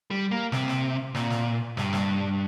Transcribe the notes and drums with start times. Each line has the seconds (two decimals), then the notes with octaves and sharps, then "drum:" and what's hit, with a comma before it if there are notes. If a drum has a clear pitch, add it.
0.11 G3
0.31 A#3
0.52 C3, drum: snare
0.68 drum: snare
1.15 A#2, drum: snare
1.30 drum: snare
1.77 G2, drum: snare
1.93 drum: snare